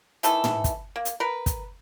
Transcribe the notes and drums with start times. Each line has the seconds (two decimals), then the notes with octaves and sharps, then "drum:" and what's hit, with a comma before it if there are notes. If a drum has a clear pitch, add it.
0.23 D#3 E3 A4, drum: hi-hat
0.44 drum: tom
0.64 drum: kick, hi-hat
0.96 A#3
1.05 drum: hi-hat
1.20 A#4 B4
1.46 drum: kick, hi-hat